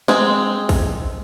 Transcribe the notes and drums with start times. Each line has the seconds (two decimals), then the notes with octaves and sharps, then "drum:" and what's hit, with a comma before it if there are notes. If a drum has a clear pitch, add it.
0.08 G#3 C4, drum: snare
0.69 drum: kick, open hi-hat